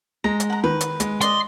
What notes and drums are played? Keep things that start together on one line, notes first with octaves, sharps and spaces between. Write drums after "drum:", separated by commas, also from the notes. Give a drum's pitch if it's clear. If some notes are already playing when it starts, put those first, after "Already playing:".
G#3 A#5
drum: hi-hat
F#5 A#5
D#3 B4
drum: hi-hat
G#3, drum: hi-hat
D5 D#5 C6, drum: hi-hat